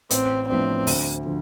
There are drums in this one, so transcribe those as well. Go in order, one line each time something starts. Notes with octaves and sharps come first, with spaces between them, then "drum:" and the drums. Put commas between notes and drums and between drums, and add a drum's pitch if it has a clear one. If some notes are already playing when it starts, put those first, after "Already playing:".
A1 C4, drum: hi-hat
A2 F3 B3 C4 D4
D2, drum: open hi-hat
D3 F3